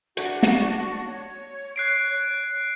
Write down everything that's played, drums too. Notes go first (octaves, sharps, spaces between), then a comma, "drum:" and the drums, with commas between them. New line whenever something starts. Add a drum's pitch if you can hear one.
D4 F#4, drum: hi-hat
drum: snare
C#5
F#6 C7 D7